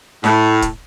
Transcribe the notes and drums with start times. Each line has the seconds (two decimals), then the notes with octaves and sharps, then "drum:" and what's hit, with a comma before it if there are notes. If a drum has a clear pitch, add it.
0.24 A2, drum: snare
0.62 drum: kick, hi-hat